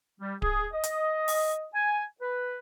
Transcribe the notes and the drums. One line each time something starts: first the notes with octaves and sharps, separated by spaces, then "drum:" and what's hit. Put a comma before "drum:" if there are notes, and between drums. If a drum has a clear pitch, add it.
G3
G#4, drum: kick D1
D#5
drum: hi-hat
drum: open hi-hat
G#5
B4